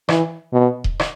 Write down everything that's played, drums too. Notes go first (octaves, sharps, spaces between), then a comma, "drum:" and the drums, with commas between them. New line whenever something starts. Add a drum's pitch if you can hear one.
E3, drum: rim click
B2
drum: kick D#1
drum: rim click